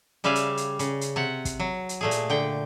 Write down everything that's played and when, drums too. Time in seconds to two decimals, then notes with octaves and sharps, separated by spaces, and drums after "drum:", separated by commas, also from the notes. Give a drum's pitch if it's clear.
0.24 C#3 G3 E5 F5 G#5
0.35 drum: hi-hat
0.57 drum: hi-hat
0.79 C#3, drum: hi-hat
1.01 drum: hi-hat
1.16 C3 F#5
1.45 drum: kick, hi-hat
1.60 F#3
1.89 drum: hi-hat
2.01 A#2 A3 G#4
2.11 drum: hi-hat
2.30 D3 G5